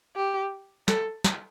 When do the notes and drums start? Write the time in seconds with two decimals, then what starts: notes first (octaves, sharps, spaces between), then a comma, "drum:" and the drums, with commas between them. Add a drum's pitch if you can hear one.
0.16 G4
0.88 A4, drum: snare
1.24 drum: snare